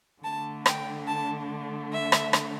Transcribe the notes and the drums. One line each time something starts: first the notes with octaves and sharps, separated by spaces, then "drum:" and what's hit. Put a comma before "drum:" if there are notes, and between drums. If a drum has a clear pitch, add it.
D3 A3 D4 A5
G5, drum: rim click
A5
E5
drum: rim click
drum: rim click